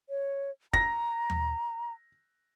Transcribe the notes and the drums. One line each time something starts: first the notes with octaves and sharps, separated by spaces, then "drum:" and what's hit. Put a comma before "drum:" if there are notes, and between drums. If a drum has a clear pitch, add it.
C#5
A#5 A#6, drum: kick
drum: tom D#2